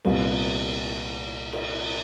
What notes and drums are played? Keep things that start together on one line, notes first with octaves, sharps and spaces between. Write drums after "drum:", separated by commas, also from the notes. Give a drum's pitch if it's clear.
C2 A#2 G3 B3, drum: cymbal
drum: cymbal